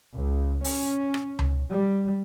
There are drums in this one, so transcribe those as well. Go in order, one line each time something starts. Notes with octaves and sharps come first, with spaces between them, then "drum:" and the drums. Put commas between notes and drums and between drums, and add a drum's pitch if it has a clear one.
C#2
C#4, drum: open hi-hat
drum: rim click
drum: tom C#2
G3